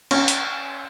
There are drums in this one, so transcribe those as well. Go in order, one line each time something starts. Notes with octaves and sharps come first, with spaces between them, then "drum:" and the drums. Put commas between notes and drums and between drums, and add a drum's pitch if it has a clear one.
C#4, drum: cymbal
drum: hi-hat